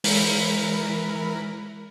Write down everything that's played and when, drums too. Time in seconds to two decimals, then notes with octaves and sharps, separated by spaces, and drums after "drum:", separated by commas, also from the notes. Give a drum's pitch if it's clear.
0.04 E3 G#3 A#4 B5, drum: open hi-hat